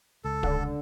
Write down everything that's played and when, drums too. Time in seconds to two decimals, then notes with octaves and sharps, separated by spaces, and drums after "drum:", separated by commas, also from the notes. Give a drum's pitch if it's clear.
0.25 C#2 A4
0.43 D3, drum: kick